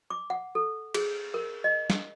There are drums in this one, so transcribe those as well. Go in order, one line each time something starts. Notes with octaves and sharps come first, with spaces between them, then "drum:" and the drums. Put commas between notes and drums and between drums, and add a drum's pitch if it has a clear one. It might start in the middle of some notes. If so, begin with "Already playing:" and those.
D6
F#5
A4
G#4, drum: cymbal
A#4
D#5
drum: snare